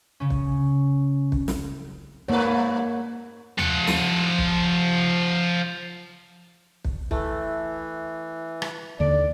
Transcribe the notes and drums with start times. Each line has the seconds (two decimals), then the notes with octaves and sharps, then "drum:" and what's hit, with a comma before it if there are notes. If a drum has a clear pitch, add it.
0.20 C#3 C#4
0.30 drum: kick
1.32 drum: kick
1.48 drum: snare
2.28 G2 A#3 B4 C#5
3.59 F3 F#5, drum: tom D#2
3.87 drum: snare
4.38 drum: kick
6.85 drum: kick
7.11 E3 A3, drum: kick
8.62 drum: rim click
9.00 D#2 D3 D5